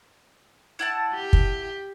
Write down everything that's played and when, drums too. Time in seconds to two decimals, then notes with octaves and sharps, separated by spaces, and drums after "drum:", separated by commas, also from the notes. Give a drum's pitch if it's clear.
0.79 E4 F#5 A5
1.14 G4
1.33 drum: kick